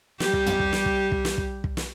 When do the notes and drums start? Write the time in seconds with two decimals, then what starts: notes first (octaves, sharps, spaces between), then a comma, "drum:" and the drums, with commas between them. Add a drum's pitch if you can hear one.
0.20 G3 G4, drum: snare
0.33 drum: kick
0.46 drum: tom
0.59 drum: kick
0.73 drum: snare
0.86 drum: kick
1.12 drum: kick
1.25 drum: snare
1.38 drum: kick
1.64 drum: kick
1.77 drum: snare